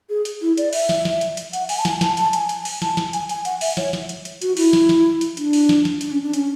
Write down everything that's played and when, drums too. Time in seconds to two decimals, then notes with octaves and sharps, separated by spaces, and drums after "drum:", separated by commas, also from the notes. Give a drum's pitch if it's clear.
0.09 G#4
0.25 drum: hi-hat
0.41 E4
0.57 D5, drum: hi-hat
0.73 E5, drum: open hi-hat
0.89 drum: snare
1.05 drum: snare
1.21 drum: hi-hat
1.37 drum: hi-hat
1.53 F#5, drum: hi-hat
1.69 G#5, drum: open hi-hat
1.79 A5
1.85 G#5, drum: snare
2.01 A5, drum: snare
2.17 A5, drum: hi-hat
2.33 G#5, drum: hi-hat
2.49 drum: hi-hat
2.65 drum: open hi-hat
2.82 A5, drum: snare
2.97 drum: snare
3.13 G#5, drum: hi-hat
3.29 G#5, drum: hi-hat
3.45 F#5, drum: hi-hat
3.61 E5, drum: open hi-hat
3.77 C#5, drum: snare
3.93 drum: snare
4.09 drum: hi-hat
4.25 drum: hi-hat
4.42 F#4, drum: hi-hat
4.57 E4, drum: open hi-hat
4.73 drum: snare
4.89 drum: snare
5.21 drum: hi-hat
5.37 D4, drum: hi-hat
5.53 drum: open hi-hat
5.69 drum: snare
5.85 drum: snare
6.01 D4, drum: hi-hat
6.12 C#4
6.23 D4
6.33 C#4, drum: hi-hat